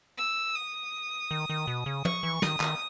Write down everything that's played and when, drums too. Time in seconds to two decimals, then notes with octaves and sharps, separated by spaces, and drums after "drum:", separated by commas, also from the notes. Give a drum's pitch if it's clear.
0.18 E6
0.56 D#6
1.31 D#3
1.50 D#3
1.67 B2
1.86 C#3
2.05 C#6, drum: tom
2.23 E3
2.42 D#3 D#6, drum: snare
2.60 D#3, drum: clap